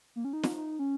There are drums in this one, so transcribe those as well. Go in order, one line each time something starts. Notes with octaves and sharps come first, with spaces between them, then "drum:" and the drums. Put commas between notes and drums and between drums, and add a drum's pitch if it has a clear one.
A#3
C#4
D#4
drum: snare
D#4
C#4